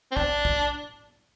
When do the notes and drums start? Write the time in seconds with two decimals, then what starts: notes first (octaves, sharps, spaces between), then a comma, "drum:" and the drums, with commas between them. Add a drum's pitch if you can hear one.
0.12 C4
0.17 D4, drum: kick
0.45 drum: kick